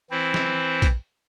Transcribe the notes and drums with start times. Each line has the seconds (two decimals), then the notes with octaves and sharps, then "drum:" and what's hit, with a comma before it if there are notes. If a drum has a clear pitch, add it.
0.10 E3 C4 E4 C5
0.34 drum: snare
0.82 drum: kick A#1, hi-hat